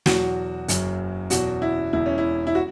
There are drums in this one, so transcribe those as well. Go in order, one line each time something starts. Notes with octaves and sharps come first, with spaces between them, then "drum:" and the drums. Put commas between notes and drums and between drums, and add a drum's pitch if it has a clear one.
E2 B2 F#3 F#4, drum: snare
F#1 F#2 F#3, drum: hi-hat
E2 B2 F#3 F#4, drum: hi-hat
E4
E1 E2 B2 E4
C#4
E4
E4
F#4